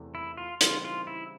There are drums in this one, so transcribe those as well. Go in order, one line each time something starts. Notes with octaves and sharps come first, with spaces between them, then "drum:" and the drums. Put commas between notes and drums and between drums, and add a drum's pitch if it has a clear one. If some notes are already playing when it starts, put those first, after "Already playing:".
Already playing: E2 C3 E3 A3
E4
F4
C#3 E3 G3 C4 D#4 F4, drum: hi-hat
F4
E4